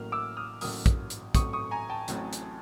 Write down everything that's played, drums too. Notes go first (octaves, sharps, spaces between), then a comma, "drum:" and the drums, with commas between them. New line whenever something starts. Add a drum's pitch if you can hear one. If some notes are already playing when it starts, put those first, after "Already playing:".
Already playing: A1 A2 F#3 A#3 F6
D6 E6
D#6 F6
A1 A2 F#3 A#3 D#6 F6, drum: open hi-hat
drum: kick, hi-hat
drum: hi-hat
A1 A2 F#3 A3 C4 C#6 D#6, drum: kick, hi-hat
C#6 D#6
G#5 A#5
G5 A5
A1 A2 F#3 A3 C4, drum: hi-hat
drum: hi-hat